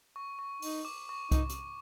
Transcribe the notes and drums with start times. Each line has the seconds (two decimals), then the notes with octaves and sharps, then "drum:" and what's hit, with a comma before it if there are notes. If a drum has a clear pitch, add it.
0.16 C#6
0.39 C#6
0.62 D#4, drum: open hi-hat
0.85 D6
1.09 C#6
1.31 D#4, drum: kick C2, hi-hat
1.49 drum: hi-hat